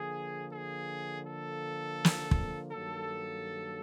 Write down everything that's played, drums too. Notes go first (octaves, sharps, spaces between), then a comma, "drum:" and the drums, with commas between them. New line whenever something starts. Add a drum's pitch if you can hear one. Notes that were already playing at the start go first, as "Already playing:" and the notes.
Already playing: D3 F3 A#3 G#4
G#4
A4
drum: snare
drum: kick
G2 D#3 F#3 A#3 A4